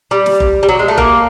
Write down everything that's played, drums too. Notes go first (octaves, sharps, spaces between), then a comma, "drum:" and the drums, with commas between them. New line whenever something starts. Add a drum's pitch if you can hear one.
G3
drum: snare
drum: kick F#1
G3
F#3
G#3
A3
A#3, drum: kick F#1